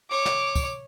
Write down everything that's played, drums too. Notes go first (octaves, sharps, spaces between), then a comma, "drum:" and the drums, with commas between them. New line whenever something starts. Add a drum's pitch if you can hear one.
C#5 D6
drum: snare
drum: kick, tambourine